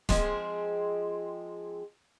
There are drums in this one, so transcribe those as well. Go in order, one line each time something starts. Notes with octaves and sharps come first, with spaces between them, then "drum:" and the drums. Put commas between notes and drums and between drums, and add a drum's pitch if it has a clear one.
F3 G#3 C4 G#4, drum: snare